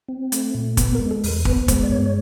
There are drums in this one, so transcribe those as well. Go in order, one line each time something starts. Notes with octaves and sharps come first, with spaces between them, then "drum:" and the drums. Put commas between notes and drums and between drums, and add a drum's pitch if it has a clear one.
C4
A3, drum: hi-hat
A#2
B3, drum: kick, hi-hat
A#4
G#3
A4
E2 A#4, drum: open hi-hat
B3 B4, drum: kick
G#3 C5, drum: kick, hi-hat
D5
G2 C#5
C#5